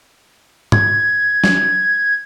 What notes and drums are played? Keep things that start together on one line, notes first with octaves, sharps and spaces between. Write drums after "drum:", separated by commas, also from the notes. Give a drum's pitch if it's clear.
G#6, drum: tom G#2
drum: snare